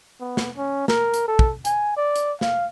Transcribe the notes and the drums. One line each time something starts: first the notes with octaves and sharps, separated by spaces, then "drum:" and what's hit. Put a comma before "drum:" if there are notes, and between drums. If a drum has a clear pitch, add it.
B3
drum: snare
C#4
A#4, drum: snare
drum: hi-hat
A4
drum: kick
G#5, drum: hi-hat
D5
drum: hi-hat
F5, drum: snare